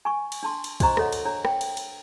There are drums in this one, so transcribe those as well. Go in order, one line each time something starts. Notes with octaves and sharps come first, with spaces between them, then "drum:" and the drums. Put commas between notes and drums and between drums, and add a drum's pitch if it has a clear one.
G#5 C#6
drum: cymbal
D4 A5 C6
drum: cymbal
D4 F#4 C5 D#5 A#5 C#6, drum: kick, cymbal
F#4 A4 C#5 D#5 F#5, drum: rim click
drum: cymbal
D4 C#5 A#5
G5, drum: rim click
drum: cymbal
drum: cymbal